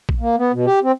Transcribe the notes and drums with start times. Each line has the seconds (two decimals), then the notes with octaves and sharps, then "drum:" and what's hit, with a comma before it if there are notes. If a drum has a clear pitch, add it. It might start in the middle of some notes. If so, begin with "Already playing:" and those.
0.09 drum: kick A#1
0.20 A#3
0.38 B3
0.53 B2
0.66 G4
0.83 C4